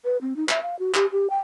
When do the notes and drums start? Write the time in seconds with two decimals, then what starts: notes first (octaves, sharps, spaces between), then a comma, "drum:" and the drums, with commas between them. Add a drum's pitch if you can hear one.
0.05 B4
0.21 C4
0.36 D#4
0.49 E5, drum: clap
0.63 F5
0.79 F#4
0.94 G4, drum: clap
1.12 G4
1.30 G5